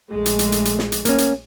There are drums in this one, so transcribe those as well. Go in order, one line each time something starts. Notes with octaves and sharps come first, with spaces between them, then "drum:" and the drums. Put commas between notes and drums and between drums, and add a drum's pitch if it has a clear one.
A#1 G#3 A3
drum: hi-hat
drum: hi-hat
drum: hi-hat
drum: hi-hat
drum: snare
drum: hi-hat
A#3 C#4, drum: hi-hat
drum: hi-hat